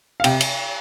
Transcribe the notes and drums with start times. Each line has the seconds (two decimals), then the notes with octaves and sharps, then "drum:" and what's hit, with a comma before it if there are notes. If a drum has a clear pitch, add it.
0.20 F5
0.24 C3 G5, drum: cymbal
0.41 drum: cymbal